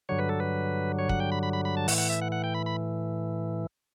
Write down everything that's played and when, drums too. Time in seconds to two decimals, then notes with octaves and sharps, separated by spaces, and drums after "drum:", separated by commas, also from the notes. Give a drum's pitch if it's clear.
0.09 G2 D3 F#3 C#5
0.19 B4
0.29 A4
0.40 B4
0.99 C#5
1.09 F#5, drum: kick
1.20 G5
1.32 B5
1.43 B5
1.53 B5
1.65 B5
1.77 A5
1.88 A2 E3 F#5, drum: open hi-hat
1.98 F#5
2.10 E5
2.21 F#5
2.32 F#5
2.44 G5
2.55 B5
2.66 B5